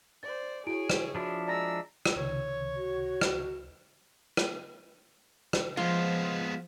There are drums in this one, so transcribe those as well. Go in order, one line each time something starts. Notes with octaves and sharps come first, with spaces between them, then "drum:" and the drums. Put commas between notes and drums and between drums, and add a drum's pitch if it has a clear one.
C5 D5 A6
E4 F#4 G#4 C#5 D7
drum: rim click
F3 D4 E4 F#4
G#3 D5 A#5 E6 A#6
drum: rim click
C#2 C3 D#3 C#5
F#4
drum: rim click
drum: rim click
drum: rim click
F3 G#3 B3 F4